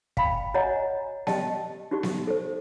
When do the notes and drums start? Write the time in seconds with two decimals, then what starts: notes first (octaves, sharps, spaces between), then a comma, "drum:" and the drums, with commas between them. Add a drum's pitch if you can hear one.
0.17 F5 G5 B5, drum: kick
0.54 F#4 C#5 D#5 F#5 G#5 A#5
1.27 G4 D#5 G5 A5, drum: snare B3
1.91 D#4 F#4 G4 C#6
2.03 drum: snare B3
2.27 A4 C5